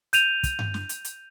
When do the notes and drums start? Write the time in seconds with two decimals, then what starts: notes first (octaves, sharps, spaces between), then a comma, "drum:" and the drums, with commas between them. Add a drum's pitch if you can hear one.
0.13 G6 D#7 F7, drum: hi-hat
0.43 drum: kick, hi-hat
0.59 drum: tom G2
0.74 drum: snare
0.89 drum: hi-hat
1.05 drum: hi-hat